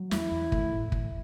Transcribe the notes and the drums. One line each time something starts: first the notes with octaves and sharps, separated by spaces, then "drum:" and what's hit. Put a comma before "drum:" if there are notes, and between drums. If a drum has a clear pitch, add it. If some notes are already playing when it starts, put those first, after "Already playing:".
Already playing: F#3
E2 E4, drum: snare
E2
A3, drum: kick
A2
drum: kick